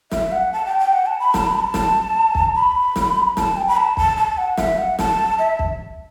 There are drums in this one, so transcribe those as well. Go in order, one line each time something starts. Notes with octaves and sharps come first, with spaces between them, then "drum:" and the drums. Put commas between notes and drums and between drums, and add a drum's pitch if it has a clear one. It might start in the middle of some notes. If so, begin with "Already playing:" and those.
E5, drum: snare
F#5
A5
G5
G5
F#5
A5
B5
A5, drum: snare
B5
A5
drum: snare
drum: kick
B5
drum: snare
A5, drum: snare
G5
B5
A5
A5, drum: kick
A5
F#5
E5, drum: snare
F#5
A5, drum: snare
E5
drum: kick